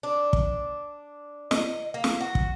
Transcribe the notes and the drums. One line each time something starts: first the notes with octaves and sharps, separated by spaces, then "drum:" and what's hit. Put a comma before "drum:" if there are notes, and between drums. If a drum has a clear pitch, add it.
D4
drum: kick
D#5, drum: snare
A#3
drum: snare
F#4
drum: kick